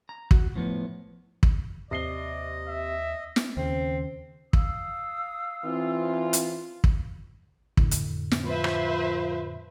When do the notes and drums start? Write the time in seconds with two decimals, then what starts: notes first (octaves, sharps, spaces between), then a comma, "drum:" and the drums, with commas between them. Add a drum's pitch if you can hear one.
0.09 A#5
0.31 F#4, drum: kick
0.55 A2 F3 B3
1.43 drum: kick
1.91 D#2 C3 D5 D#5 C7 G7
2.68 E5
3.36 drum: snare
3.57 D#2 C#3 C4
4.53 F5 D#6 E6, drum: kick
5.64 E3 C4 F4
6.33 drum: hi-hat
6.84 drum: kick
7.77 F2 A2 D3, drum: kick
7.91 drum: hi-hat
8.31 drum: snare
8.44 F3 B4 C5 E5
8.64 drum: rim click